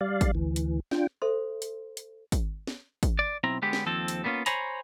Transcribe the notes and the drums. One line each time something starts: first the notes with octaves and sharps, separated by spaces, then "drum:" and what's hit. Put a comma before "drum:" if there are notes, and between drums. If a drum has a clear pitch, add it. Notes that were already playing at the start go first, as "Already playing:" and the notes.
G3 D5 F5
drum: kick, hi-hat
D2 E3
drum: hi-hat
D4 F4 G5, drum: snare
A4 C5 E5 C6
drum: hi-hat
drum: hi-hat
drum: kick, hi-hat
drum: snare
drum: kick, hi-hat
D5
B1 C4 E4 A#5
D3 G#3 B3 G4
drum: snare
D#2 F3 C4 A4
drum: hi-hat
G3 A#3 B3 C#4 F4
C5 C#5 G#5 A#5 B5, drum: hi-hat